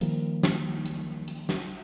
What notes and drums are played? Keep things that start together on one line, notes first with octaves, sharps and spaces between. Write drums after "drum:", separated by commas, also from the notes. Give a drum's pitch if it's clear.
D#3 F3 G3 A#3, drum: hi-hat
drum: snare
drum: hi-hat
drum: hi-hat
drum: snare